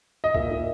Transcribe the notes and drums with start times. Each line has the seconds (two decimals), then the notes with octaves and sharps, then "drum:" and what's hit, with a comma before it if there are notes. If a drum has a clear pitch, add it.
0.24 D#5
0.34 A#2 E5, drum: kick C#2
0.51 A#2